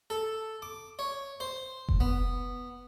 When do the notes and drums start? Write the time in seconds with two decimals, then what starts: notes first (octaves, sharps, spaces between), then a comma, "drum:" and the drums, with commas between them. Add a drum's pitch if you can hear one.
0.10 A4
0.62 D6
0.99 C#5
1.40 C5
1.89 drum: kick F1
2.00 B3